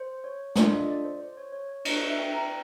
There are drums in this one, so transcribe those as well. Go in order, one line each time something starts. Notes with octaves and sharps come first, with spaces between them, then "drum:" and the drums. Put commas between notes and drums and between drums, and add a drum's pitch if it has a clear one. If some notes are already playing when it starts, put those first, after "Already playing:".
Already playing: C5
C#5
D4 F4 A4 D5, drum: snare
D#5
D5
C5
C5
C#5
C#5
C#5
D4 F#4 A4 D#5, drum: cymbal
E5
G5
A#5